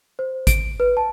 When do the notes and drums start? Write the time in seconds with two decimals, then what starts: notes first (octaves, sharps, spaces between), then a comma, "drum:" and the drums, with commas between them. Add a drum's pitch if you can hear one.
0.19 C5
0.47 D7, drum: kick, hi-hat
0.80 B4
0.97 A5